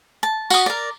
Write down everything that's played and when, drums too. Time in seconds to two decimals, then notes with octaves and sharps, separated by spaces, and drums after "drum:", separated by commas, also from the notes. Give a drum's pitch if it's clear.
0.23 A5
0.50 F#4 D#6, drum: tambourine
0.66 A#4 D5